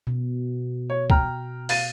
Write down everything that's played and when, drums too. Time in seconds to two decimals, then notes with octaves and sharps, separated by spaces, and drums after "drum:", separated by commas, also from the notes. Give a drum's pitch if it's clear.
0.07 B2
0.90 C#5
1.10 G5 A#5 F6, drum: kick
1.69 F5 A6 D#7, drum: open hi-hat